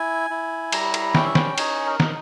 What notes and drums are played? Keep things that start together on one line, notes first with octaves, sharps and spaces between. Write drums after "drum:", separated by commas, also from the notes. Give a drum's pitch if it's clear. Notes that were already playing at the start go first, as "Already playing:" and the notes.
Already playing: E4 G#5
E4
G3 A#5, drum: cymbal
drum: cymbal
C#4 G5, drum: snare
E5
G5, drum: snare
D#4 G#5, drum: cymbal
A#4
D#4, drum: snare